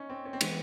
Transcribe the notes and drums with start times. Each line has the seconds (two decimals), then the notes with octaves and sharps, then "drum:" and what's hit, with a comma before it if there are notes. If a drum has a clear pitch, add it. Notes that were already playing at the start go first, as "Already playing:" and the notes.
Already playing: C#4 D#4
0.10 C4
0.25 C#4
0.33 C4
0.41 E3 G#3 B3, drum: cymbal